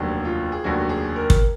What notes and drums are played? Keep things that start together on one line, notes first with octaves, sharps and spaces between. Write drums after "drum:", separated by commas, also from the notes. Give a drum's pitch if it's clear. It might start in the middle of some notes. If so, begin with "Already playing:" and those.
Already playing: F1 D#2 D3 F#3
F4
G#4
F1 D#2 D3 F#3 F#4
G#4
A#4
drum: kick